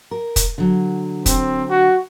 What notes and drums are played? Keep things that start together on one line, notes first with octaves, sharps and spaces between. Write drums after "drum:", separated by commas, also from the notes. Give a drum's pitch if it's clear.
A#4
drum: kick, hi-hat
D3 F#3
C4, drum: kick, hi-hat
F#4